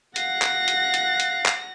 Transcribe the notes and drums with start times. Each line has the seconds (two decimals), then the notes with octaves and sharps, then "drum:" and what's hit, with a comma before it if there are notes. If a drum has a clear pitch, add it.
0.16 F5 F#5 F#6 A#6, drum: hi-hat
0.42 drum: clap
0.68 drum: hi-hat
0.94 drum: hi-hat
1.20 drum: hi-hat
1.46 drum: clap